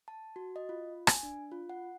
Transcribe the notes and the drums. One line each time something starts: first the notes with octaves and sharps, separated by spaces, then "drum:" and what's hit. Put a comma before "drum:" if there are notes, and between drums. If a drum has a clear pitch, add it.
A5
F#4
D#5
F4
G#5, drum: rim click
D4
F4
F#5